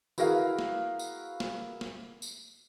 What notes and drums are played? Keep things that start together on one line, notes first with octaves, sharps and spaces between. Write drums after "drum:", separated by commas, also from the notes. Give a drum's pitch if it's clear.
E4 F#4 G#4 A#4 B4 F5, drum: tambourine
drum: snare
drum: tambourine
drum: snare
drum: snare
drum: tambourine